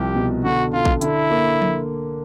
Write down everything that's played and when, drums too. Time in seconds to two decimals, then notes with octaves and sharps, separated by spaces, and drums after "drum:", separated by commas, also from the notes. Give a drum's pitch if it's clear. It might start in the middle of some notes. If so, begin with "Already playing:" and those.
Already playing: C2 F3 G4
0.15 B2
0.44 D3 F#4
0.73 D3 F4
0.85 drum: kick
1.01 D3 E4, drum: hi-hat
1.30 A#3
1.62 drum: tom F3